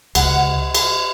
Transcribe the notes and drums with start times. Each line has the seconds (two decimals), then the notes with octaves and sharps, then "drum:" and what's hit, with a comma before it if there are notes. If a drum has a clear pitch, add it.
0.15 C#2 F#5, drum: cymbal
0.75 drum: cymbal